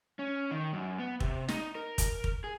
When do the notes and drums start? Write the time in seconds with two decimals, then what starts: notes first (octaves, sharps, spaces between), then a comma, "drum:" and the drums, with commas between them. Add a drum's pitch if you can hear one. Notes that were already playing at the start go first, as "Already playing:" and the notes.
0.19 C#4
0.51 D#3
0.73 F#2
0.99 B3
1.20 C3, drum: kick
1.48 D#4, drum: snare
1.75 A#4
1.98 drum: kick, hi-hat
2.24 drum: kick
2.44 G#4